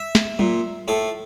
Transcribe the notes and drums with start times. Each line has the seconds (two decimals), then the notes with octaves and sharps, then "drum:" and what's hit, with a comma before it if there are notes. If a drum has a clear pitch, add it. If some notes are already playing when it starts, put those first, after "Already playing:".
Already playing: E5
0.15 drum: snare
0.39 A#2, drum: tom F#3
0.88 A2 A4